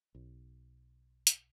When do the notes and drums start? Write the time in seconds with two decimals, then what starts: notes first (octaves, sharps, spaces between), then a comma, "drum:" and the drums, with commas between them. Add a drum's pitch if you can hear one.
0.15 B1
1.27 drum: hi-hat